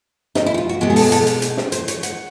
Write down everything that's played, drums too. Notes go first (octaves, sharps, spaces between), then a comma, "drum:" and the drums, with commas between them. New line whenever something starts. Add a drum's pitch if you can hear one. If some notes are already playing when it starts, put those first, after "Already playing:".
D#4, drum: snare
E4
F#4
F4
F#4
B2 G#3 B3 G4
G#4
A4, drum: open hi-hat
A4, drum: hi-hat
drum: hi-hat
drum: hi-hat
drum: snare
C5, drum: hi-hat
C#5, drum: hi-hat
F#5, drum: hi-hat